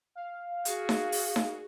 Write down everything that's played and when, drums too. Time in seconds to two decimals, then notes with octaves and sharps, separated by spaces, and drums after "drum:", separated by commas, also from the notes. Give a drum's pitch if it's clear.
0.15 F5
0.65 F#4 G#4, drum: hi-hat
0.89 drum: snare D#4
1.12 drum: open hi-hat
1.36 drum: snare D#4